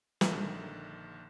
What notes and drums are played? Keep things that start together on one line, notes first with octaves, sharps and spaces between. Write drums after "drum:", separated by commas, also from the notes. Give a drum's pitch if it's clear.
A#1 D3 D#3, drum: snare